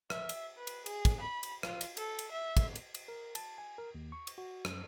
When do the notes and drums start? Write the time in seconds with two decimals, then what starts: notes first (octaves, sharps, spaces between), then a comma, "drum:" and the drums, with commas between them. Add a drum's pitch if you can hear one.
0.10 E5, drum: rim click
0.29 drum: cymbal
0.57 B4
0.67 drum: cymbal
0.86 G#4, drum: cymbal
1.05 drum: kick, cymbal
1.20 B5
1.43 drum: cymbal
1.63 F4, drum: rim click
1.81 drum: cymbal
1.97 A4, drum: cymbal
2.19 drum: cymbal
2.32 E5
2.57 drum: kick, cymbal
2.76 drum: cymbal
2.94 drum: cymbal
3.08 A#4
3.35 A5, drum: cymbal
3.58 G#5
3.78 A#4
3.95 D#2
4.12 C#6
4.27 drum: cymbal
4.38 F#4
4.65 F#2, drum: rim click